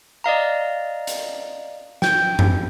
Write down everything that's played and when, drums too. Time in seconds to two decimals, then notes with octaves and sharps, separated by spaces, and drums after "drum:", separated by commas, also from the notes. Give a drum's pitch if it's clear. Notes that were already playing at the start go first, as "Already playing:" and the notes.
0.24 D5 D#5 F5 A#5
1.07 drum: hi-hat
2.02 G5 G6, drum: snare
2.39 drum: tom F#2